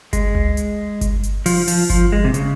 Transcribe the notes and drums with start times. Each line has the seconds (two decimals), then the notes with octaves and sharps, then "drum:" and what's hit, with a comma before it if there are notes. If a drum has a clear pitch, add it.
0.13 G#3, drum: kick G1, hi-hat
0.35 drum: tom C#2
0.57 drum: hi-hat
1.01 drum: kick G1, hi-hat
1.23 drum: hi-hat
1.46 F3, drum: open hi-hat
1.68 F3, drum: open hi-hat
1.90 F3, drum: kick G1, hi-hat
2.12 G#3
2.24 C3
2.34 C#3, drum: hi-hat